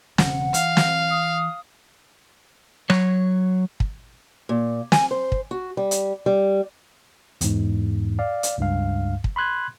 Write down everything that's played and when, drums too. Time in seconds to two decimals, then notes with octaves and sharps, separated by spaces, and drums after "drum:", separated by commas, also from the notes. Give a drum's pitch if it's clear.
0.18 E1 C#3 C#4 F#5, drum: snare
0.54 E3 F5, drum: hi-hat
0.77 drum: snare
1.10 D#6
2.90 F#3 C#5, drum: rim click
3.80 drum: kick
4.49 A#2
4.92 G#5, drum: snare
5.11 C5
5.32 drum: kick
5.51 F#4
5.77 G3
5.91 drum: hi-hat
6.26 G3
7.41 E2 G#2, drum: hi-hat
8.19 D5 F5
8.43 drum: hi-hat
8.58 C#2 G2 F5
9.24 drum: kick
9.36 B5 C6 F#6 G#6